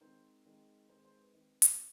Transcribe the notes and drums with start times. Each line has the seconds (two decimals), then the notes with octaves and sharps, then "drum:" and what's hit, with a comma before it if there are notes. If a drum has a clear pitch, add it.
0.01 D#3 G#3 C4 C5
0.46 D#3 G#3 C4
0.89 D#3 G#3 C4 C5
1.04 C5
1.19 B4
1.34 D#3 G#3 C4
1.62 drum: hi-hat